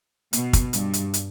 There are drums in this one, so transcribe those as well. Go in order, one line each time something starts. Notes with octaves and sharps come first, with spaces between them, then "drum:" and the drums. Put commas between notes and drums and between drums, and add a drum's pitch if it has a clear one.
B2, drum: hi-hat
drum: kick, hi-hat
G2, drum: hi-hat
drum: hi-hat
drum: hi-hat